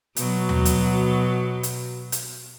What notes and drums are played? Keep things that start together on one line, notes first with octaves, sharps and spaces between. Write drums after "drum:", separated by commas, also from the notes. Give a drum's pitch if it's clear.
B2 F#3, drum: hi-hat
drum: tom D#2
drum: hi-hat
drum: hi-hat
drum: hi-hat